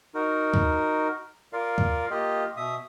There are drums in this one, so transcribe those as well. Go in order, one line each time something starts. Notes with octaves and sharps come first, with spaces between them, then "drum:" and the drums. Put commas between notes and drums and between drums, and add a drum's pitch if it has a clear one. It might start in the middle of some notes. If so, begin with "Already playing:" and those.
D#4 F#4 A#4
drum: kick
F4 A#4 D5 F5
drum: kick
A#3 F4 G4 D#5
B2 E5 D#6